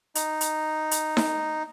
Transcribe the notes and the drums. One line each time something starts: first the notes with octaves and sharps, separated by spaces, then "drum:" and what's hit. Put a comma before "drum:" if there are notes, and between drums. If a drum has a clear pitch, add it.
D#4, drum: hi-hat
drum: hi-hat
drum: hi-hat
drum: snare D#4